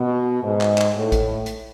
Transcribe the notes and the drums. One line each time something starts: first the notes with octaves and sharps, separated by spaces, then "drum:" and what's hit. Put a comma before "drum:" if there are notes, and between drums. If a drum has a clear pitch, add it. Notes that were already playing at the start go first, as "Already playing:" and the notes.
Already playing: B2
G#2
drum: clap
drum: clap
A2
drum: kick, hi-hat
drum: hi-hat